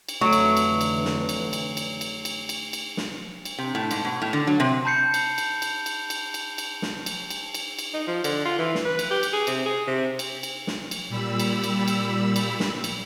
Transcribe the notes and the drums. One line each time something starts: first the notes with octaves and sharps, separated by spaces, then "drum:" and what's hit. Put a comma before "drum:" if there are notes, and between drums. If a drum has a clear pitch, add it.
drum: cymbal
F2 D3 E3 F#3 A3 C#6 D7
drum: cymbal
drum: cymbal
drum: cymbal
drum: snare
drum: cymbal
drum: cymbal
drum: cymbal
drum: cymbal
drum: cymbal
drum: cymbal
drum: cymbal
drum: snare
drum: cymbal
C3
A2
G#2, drum: cymbal
B2
A2
D3
F#3
C3
A5 B5 G6 C7 C#7
drum: cymbal
drum: cymbal
drum: cymbal
drum: cymbal
drum: cymbal
drum: cymbal
drum: cymbal
drum: snare
drum: cymbal
drum: cymbal
drum: cymbal
drum: cymbal
D#4
F3
D3, drum: cymbal
F4
E3
drum: snare
B4
drum: cymbal
G4
drum: cymbal
G#4
C3, drum: cymbal
G#4
C3
drum: cymbal
drum: cymbal
drum: snare
drum: cymbal
A#2 G3 B5 E6
drum: cymbal
drum: cymbal
drum: cymbal
drum: cymbal
drum: snare
drum: cymbal